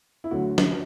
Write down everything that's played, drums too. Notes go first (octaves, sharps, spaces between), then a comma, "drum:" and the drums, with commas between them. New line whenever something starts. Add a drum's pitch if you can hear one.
E4
D2 D3 F#3 F#4
drum: snare